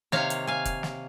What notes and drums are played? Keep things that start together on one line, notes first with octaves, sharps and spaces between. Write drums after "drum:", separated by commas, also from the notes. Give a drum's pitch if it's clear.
C3 D#3 A#3 C#5 F5, drum: snare
drum: hi-hat
F5 G#5
drum: kick F1, hi-hat
drum: snare